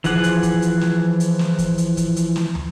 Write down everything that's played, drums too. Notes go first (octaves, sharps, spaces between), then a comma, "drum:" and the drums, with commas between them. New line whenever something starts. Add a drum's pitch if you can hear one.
E3 F3 G#4 F#5 D6, drum: kick, hi-hat
drum: hi-hat
drum: kick, hi-hat
drum: hi-hat
drum: snare
drum: hi-hat
drum: snare
drum: kick, hi-hat
drum: hi-hat
drum: kick, hi-hat
drum: hi-hat
drum: snare
drum: tom